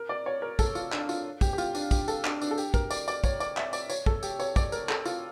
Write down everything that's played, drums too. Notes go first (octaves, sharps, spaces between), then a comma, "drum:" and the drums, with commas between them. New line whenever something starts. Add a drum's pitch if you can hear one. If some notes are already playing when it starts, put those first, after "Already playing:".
Already playing: A#4
D5
C#5
A#4
A4, drum: kick, tambourine
F4, drum: tambourine
D4, drum: clap
F4, drum: tambourine
G4, drum: kick, tambourine
G4
F4, drum: tambourine
D4, drum: tambourine
G4, drum: kick, tambourine
A4, drum: tambourine
D4, drum: clap
D4, drum: tambourine
A4
G4, drum: tambourine
A#4, drum: kick, tambourine
D5, drum: tambourine
D5, drum: tambourine
C#5, drum: kick, tambourine
D5, drum: tambourine
E5, drum: clap
D5, drum: tambourine
C#5, drum: tambourine
A4, drum: kick
G4, drum: tambourine
C#5, drum: tambourine
D5, drum: kick, tambourine
A#4, drum: tambourine
A4, drum: clap
F4, drum: tambourine